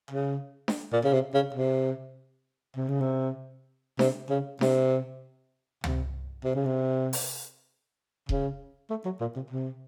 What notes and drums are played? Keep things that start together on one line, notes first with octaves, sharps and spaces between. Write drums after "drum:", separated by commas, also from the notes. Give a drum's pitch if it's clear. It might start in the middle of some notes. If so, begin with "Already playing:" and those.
C#3
drum: snare D4
A#2
C#3
C3
C#3
C3
C3
C#3
C3
C3, drum: snare D4
C#3
C3, drum: snare D4
C3, drum: tom
C3
C#3
C3
drum: open hi-hat
C#3, drum: kick D#1
A3
F#3
A#2
C3
C3